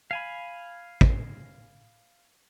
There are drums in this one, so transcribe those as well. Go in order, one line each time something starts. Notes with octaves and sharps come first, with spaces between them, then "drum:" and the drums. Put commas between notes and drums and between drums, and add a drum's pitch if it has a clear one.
F5 G#5 B5
drum: kick